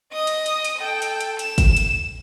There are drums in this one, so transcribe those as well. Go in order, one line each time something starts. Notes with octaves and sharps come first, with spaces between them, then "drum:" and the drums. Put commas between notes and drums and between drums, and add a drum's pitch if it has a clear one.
D#5 D#6
drum: hi-hat
drum: hi-hat
drum: hi-hat
A4 G5
drum: hi-hat
drum: hi-hat
E7, drum: hi-hat
drum: kick, hi-hat
drum: hi-hat